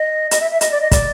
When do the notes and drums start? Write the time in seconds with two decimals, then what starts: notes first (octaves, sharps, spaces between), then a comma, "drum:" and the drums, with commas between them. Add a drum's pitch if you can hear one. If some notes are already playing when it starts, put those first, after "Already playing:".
Already playing: D#5
0.31 D#5, drum: hi-hat
0.41 E5
0.51 E5
0.61 D#5, drum: hi-hat
0.72 D5
0.81 D#5
0.91 D5, drum: kick, hi-hat